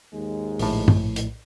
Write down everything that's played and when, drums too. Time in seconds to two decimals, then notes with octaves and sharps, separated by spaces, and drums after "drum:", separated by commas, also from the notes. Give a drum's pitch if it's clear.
0.13 D#2 G#2 G#3
0.59 A#1 A2, drum: open hi-hat
0.88 drum: tom
1.16 drum: hi-hat